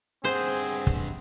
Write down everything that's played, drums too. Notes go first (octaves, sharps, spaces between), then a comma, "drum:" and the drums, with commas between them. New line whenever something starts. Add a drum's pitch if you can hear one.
G2 C4 G#4 C5 F#5
drum: kick